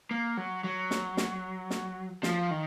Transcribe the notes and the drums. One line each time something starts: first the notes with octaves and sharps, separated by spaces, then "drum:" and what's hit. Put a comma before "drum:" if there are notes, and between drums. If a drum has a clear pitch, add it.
A#3
F#3
F#3
drum: snare
drum: snare
drum: snare
F3, drum: snare
D#3